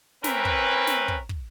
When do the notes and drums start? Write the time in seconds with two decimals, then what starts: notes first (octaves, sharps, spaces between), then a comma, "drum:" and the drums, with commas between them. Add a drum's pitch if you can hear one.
0.24 E3 C4 C#4 A#4 B4, drum: snare
0.45 drum: kick
0.87 drum: snare
1.08 drum: kick
1.29 drum: kick